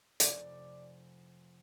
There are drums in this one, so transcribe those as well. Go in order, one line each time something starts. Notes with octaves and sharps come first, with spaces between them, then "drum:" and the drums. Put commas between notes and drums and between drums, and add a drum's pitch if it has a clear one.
F1 D5, drum: hi-hat